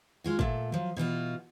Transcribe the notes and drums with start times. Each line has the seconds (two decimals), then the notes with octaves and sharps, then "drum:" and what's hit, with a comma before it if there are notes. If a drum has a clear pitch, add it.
0.24 G#3 F4 F#4
0.39 A#2 A3, drum: kick
0.72 F3 F#3
0.97 B2 E3 F4 F#4